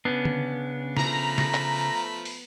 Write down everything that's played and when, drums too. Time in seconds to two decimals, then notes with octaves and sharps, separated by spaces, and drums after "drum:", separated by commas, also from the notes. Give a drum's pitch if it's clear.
0.05 C#3 B3 C#4 D4
0.25 drum: tom D3
0.97 F3 A3 A#5 B5, drum: snare
1.38 drum: snare
1.54 drum: clap
2.25 drum: open hi-hat